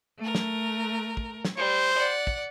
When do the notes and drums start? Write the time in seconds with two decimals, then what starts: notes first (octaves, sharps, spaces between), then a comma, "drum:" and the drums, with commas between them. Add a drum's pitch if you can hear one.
0.20 A3 A#4
0.35 drum: snare
1.17 drum: kick
1.45 drum: snare
1.58 G3 C5
1.98 D5 F#5
2.27 drum: kick